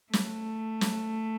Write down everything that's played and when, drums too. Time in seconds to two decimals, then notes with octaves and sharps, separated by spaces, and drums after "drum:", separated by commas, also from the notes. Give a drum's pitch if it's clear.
0.13 A3, drum: snare
0.81 drum: snare